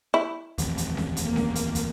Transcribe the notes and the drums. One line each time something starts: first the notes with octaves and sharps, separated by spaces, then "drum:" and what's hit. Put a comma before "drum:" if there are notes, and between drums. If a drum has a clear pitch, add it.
E4
D#1 A1 F2, drum: kick, hi-hat
drum: hi-hat
drum: snare C#4
drum: hi-hat
A#3
drum: snare C#4
drum: hi-hat
drum: kick, hi-hat